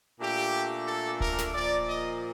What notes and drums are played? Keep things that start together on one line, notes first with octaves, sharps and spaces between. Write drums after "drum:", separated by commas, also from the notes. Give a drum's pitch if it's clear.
A#2 A3 D4 G4
A4
A#4, drum: kick D1
drum: snare
A#2 F3 A#3 D5
D#5